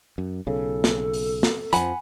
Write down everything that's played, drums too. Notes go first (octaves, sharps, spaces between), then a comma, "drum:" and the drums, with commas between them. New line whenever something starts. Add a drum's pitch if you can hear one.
F#2
B1 C#3 A4
drum: snare
drum: open hi-hat
drum: snare
F2 F3 F#5 G#5 B5, drum: hi-hat